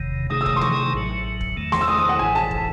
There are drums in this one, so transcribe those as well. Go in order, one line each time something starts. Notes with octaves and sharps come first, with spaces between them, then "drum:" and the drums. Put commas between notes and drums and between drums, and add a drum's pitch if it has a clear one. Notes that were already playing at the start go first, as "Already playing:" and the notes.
Already playing: F#1 E2 C3 D#3
C3 D#3 A3 D#4 G#4 D#6
E6
D#6, drum: kick
C6
C#6, drum: tom
A1 A2 F#3
drum: kick
E2 D#3 A3
C6, drum: snare A3
E6
D#6
D#6
F#5
A1 A2 E3 G#5
A5
drum: kick